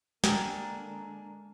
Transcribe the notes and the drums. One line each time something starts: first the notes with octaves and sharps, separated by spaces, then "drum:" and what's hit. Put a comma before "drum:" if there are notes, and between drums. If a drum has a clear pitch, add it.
D3 G#3 A#3 D4 G4 A#4 G#5, drum: snare